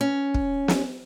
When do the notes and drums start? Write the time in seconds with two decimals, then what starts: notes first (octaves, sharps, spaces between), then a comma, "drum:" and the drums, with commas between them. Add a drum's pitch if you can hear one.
0.01 C#4
0.34 drum: kick
0.68 drum: snare